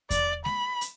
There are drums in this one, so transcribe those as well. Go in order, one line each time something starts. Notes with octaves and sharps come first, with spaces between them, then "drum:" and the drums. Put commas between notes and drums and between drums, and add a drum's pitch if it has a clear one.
D5, drum: kick E2, hi-hat
B5, drum: snare G#3
drum: hi-hat